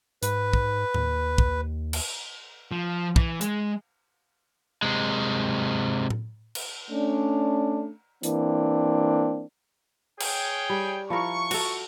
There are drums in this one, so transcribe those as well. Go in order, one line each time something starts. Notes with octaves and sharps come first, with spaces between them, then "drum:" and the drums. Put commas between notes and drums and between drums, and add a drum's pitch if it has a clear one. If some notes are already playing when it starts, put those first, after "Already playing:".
G#2 B4, drum: hi-hat
drum: kick
D#2, drum: tom A2
drum: kick
drum: cymbal
F3
E3, drum: kick
G#3, drum: hi-hat
C3 G#3
drum: tom A2
drum: cymbal
A3 C#4 D4
E3 A#3 C4 D4, drum: hi-hat
G#4 C#5 G5, drum: cymbal
G3
F3 E4 A#4 C#6
F#4 A4, drum: cymbal